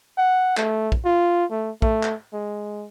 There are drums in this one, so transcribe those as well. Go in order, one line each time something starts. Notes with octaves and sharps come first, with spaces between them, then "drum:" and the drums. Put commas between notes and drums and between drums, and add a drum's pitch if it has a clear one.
F#5
A3, drum: clap
drum: kick
F4
A3
A3, drum: kick
drum: clap
G#3